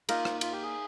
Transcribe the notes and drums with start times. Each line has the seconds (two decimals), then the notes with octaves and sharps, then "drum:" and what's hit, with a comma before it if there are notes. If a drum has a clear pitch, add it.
0.09 A#3 D#4 F4 A#4, drum: cymbal
0.25 drum: rim click
0.41 F4, drum: cymbal
0.52 G4
0.63 G#4